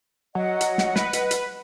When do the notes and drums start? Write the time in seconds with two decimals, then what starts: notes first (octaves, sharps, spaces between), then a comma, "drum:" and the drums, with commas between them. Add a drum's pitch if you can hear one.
0.35 F#3 D#5 F#5
0.61 drum: hi-hat
0.78 drum: snare
0.96 B4, drum: snare
1.13 drum: hi-hat
1.31 drum: hi-hat